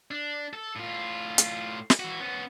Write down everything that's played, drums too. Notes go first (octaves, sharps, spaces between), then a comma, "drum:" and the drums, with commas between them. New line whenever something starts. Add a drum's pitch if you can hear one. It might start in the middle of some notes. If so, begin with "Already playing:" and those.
D4
A4
A2 F4
drum: hi-hat
drum: snare
E3 F#4
B3 C#4